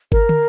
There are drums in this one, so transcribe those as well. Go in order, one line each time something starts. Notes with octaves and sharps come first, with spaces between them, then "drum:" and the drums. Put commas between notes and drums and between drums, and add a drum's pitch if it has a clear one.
A#4, drum: kick G1
drum: tom